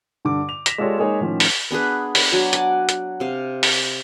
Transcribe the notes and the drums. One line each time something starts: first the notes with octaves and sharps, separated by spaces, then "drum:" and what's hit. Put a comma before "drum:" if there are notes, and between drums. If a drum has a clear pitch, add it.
G2 D3 D6
F7
A#6 B6 E7 F7, drum: hi-hat
G#3 F4 G4 A4 C#5 D5
G#3 A#3 D#4 G#4 C#5
A2 D#3 F3 C#4
drum: open hi-hat
B3 D4 G#4 B4
D5 B5, drum: open hi-hat
F#3 D4 G#5 A5
F#5 G#5 D6, drum: hi-hat
drum: hi-hat
C3 F5
drum: open hi-hat